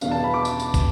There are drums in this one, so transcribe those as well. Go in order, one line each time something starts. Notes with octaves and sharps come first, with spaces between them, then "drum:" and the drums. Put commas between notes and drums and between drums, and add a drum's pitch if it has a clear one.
E2 B2 B3 D4 F5, drum: tambourine
A5
B5
D6
drum: tambourine
drum: tambourine
drum: kick, tambourine